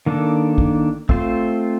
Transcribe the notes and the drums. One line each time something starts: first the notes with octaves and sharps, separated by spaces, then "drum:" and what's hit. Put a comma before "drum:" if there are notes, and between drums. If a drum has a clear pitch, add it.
D#3 A#3 D4 A4
drum: kick
A3 C4 F4 C5, drum: kick